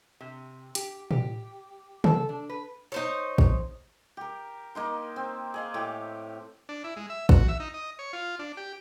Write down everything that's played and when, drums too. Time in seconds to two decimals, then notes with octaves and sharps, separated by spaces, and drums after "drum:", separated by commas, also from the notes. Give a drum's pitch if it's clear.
0.20 C3
0.75 G4, drum: hi-hat
1.11 G4, drum: tom
2.04 A4, drum: tom
2.29 D4
2.49 B4
2.92 D#4 C5 C#5
3.38 drum: kick A1
4.17 G4 A#4
4.75 A#3 D#4 C6
5.16 C4
5.54 G#4 D#5 F5
5.74 A2 G4 D6
6.69 D4
6.84 E4
6.96 G#3
7.10 E5
7.29 F#4, drum: kick A1
7.48 E5
7.60 D#4
7.74 D#5
7.99 C#5
8.13 F4
8.39 D4
8.57 G4